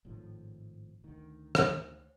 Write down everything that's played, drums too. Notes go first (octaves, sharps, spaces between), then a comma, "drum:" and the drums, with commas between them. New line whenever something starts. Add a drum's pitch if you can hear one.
G#1 A2 D#3 F3
D2 D#3
drum: rim click